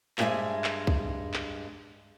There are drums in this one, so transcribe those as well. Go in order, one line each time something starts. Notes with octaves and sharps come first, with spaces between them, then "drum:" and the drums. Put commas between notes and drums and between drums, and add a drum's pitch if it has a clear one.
G2 G#3 C4 G4 E5 G#5, drum: clap
drum: clap
drum: kick C2
drum: clap